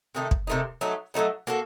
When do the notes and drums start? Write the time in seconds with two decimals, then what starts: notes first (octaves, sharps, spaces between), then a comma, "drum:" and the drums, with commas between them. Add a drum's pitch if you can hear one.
0.15 C3 D#3 A3 D#4
0.31 drum: kick
0.47 C3 D#3 A3 D#4
0.81 F#3 A3 D#4 F#4
1.14 F#3 A3 D#4 F#4
1.47 A#3 F#4 A4